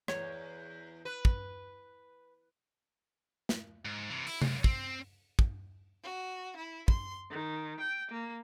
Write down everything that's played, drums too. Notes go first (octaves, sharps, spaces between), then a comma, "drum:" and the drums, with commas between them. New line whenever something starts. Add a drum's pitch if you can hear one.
E2 C#5, drum: rim click
B4
drum: kick
drum: snare
G#2
C3 E3
E4, drum: open hi-hat
C#2 F#2, drum: tom C3
C4, drum: kick
drum: kick
F#4
E4
C6, drum: kick
D#3
G5
A#3